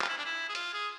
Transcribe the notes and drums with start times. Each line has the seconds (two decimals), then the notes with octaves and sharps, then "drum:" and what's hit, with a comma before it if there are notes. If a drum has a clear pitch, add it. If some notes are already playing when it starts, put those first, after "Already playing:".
0.01 F4, drum: clap
0.09 E4
0.18 D4
0.25 E4
0.49 G#4
0.55 F4, drum: hi-hat
0.73 G#4